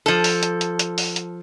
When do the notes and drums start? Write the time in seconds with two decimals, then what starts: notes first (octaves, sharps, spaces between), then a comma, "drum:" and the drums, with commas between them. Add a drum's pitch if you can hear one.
0.06 F3 A4
0.24 drum: open hi-hat
0.43 drum: hi-hat
0.61 drum: hi-hat
0.79 drum: hi-hat
0.98 drum: open hi-hat
1.16 drum: hi-hat